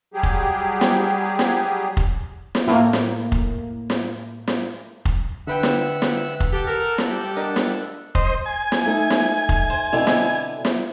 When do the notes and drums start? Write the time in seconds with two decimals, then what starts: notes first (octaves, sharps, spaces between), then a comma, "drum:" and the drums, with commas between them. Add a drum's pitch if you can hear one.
0.14 F#3 G3 G4 G#4
0.23 drum: kick F1
0.81 drum: snare
1.39 drum: snare
1.97 drum: kick F1
2.55 drum: snare
2.67 A2 A#3
2.93 drum: snare
3.32 drum: kick F1
3.90 drum: snare
4.48 drum: snare
5.05 drum: kick F1
5.47 D3 B4 E5 F#5 G5 E6
5.63 drum: snare
6.02 drum: snare
6.40 drum: kick F1
6.53 G4 A4 F#5 A5
6.68 A#4
6.98 drum: snare
7.10 G3 G4
7.37 D4 A#4 D#5
7.56 drum: snare
8.15 C5 D#5, drum: kick F1
8.46 G#5
8.72 drum: snare
8.86 A3 D#4
9.10 drum: snare
9.49 drum: kick F1
9.70 C5
9.93 B2 D3 C4 E4
10.07 drum: snare
10.65 drum: snare